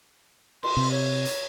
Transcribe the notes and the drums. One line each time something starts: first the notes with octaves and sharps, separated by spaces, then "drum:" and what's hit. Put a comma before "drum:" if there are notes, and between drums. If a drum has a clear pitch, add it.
C6, drum: cymbal
C3
C#5
drum: hi-hat